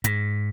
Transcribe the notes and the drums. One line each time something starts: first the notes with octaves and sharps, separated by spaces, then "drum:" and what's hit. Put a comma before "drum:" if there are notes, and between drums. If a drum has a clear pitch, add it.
G#2, drum: hi-hat